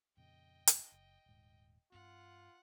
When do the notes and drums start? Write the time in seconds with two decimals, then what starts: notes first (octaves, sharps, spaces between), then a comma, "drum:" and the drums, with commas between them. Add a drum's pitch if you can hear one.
0.17 F2 A#2 C#3 D#5 G5
0.67 drum: hi-hat
0.92 F#1
1.26 D#1 G#2
1.92 G2 C4 F4 F#5